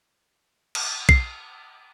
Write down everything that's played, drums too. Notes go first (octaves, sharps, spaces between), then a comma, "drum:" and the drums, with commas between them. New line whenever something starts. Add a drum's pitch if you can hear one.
drum: cymbal
C7, drum: kick